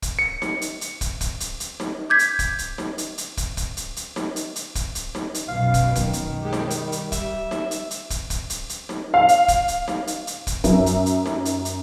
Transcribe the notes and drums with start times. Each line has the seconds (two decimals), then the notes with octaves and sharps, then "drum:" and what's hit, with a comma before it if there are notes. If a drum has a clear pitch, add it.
0.02 drum: kick, hi-hat
0.19 C#7
0.42 drum: snare D#4
0.61 drum: hi-hat
0.81 drum: hi-hat
1.01 drum: kick, hi-hat
1.21 drum: kick, hi-hat
1.40 drum: hi-hat
1.60 drum: hi-hat
1.80 drum: snare D#4
2.10 D6 G6 G#6 B6
2.19 drum: hi-hat
2.39 drum: kick, hi-hat
2.59 drum: hi-hat
2.78 drum: snare D#4
2.98 drum: hi-hat
3.18 drum: hi-hat
3.37 drum: kick, hi-hat
3.57 drum: kick, hi-hat
3.77 drum: hi-hat
3.96 drum: hi-hat
4.16 drum: snare D#4
4.36 drum: hi-hat
4.56 drum: hi-hat
4.75 drum: kick, hi-hat
4.95 drum: hi-hat
5.15 drum: snare D#4
5.34 drum: hi-hat
5.49 B1 F#2 B2 F5
5.74 drum: kick, hi-hat
5.95 D#3, drum: kick, hi-hat
6.13 drum: hi-hat
6.41 G#3 G4
6.53 drum: snare D#4
6.70 G3, drum: hi-hat
6.92 drum: hi-hat
7.12 E5, drum: kick, hi-hat
7.51 drum: snare D#4
7.71 drum: hi-hat
7.91 drum: hi-hat
8.10 drum: kick, hi-hat
8.30 drum: kick, hi-hat
8.50 drum: hi-hat
8.69 drum: hi-hat
8.89 drum: snare D#4
9.14 F5
9.29 drum: hi-hat
9.48 drum: kick, hi-hat
9.68 drum: hi-hat
9.88 drum: snare D#4
10.07 drum: hi-hat
10.27 drum: hi-hat
10.47 drum: kick, hi-hat
10.64 F#2, drum: kick, hi-hat
10.86 drum: hi-hat
11.06 drum: hi-hat
11.26 drum: snare D#4
11.45 drum: hi-hat
11.65 drum: hi-hat